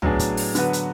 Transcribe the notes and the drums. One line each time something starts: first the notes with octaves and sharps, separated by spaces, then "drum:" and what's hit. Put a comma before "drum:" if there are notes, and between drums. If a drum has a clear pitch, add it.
A2 F#3 B3 D4 G#4, drum: tom
drum: kick, hi-hat
drum: open hi-hat
D3 F#3 B3 F#4 B4, drum: hi-hat
drum: hi-hat